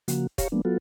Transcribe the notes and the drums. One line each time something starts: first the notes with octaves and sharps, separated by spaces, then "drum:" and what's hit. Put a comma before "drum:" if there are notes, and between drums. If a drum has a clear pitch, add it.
C#3 F3 A#3 F#4, drum: hi-hat
G4 C#5 F5 A#5 C#6, drum: kick, hi-hat
F3 G#3 A#3 B3 D4
F#3 B3 F4 F#4 A4